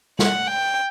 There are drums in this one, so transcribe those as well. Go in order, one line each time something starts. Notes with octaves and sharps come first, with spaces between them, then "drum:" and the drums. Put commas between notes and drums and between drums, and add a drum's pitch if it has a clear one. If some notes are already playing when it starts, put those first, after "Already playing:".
F#5, drum: snare
G5